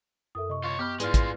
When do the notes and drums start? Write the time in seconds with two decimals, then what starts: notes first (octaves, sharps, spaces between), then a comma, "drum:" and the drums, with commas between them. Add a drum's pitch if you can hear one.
0.35 F#2 A4 A#4 E5 D#6
0.50 C3 D#5 C#6
0.64 F4 C#5
0.79 B3 G4 B5 D6 F6
1.00 G#2 G#3 E4 F4 G#4 B4 D5 F6, drum: hi-hat
1.14 drum: kick, hi-hat